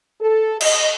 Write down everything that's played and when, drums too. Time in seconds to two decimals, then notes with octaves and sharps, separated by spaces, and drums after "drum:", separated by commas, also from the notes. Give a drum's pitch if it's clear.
0.21 A4
0.61 D#5, drum: cymbal